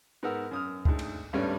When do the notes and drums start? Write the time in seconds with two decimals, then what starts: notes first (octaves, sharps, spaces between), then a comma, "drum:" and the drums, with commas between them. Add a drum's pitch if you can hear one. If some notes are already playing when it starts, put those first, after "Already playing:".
0.23 G#2 B3 A#4 F#5 E6
0.51 F#2 D#6 F6
0.85 D2 G#2, drum: kick C#2
0.99 drum: cymbal
1.33 G#1 G2 G3 A3 B3 C#4